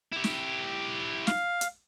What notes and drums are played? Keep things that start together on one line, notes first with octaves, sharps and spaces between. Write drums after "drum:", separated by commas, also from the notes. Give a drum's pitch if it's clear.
E4 G4
drum: snare
F5, drum: snare
drum: hi-hat